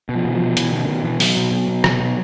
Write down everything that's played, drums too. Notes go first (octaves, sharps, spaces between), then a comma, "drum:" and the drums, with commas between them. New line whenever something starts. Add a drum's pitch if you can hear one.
B2
F3
B2 E3
B2 F3
B2 E3, drum: hi-hat
B2 D#3
D3
B2 D#3
B2 E3
B2 F#3, drum: open hi-hat
B2
B2
B2
B2, drum: rim click
B2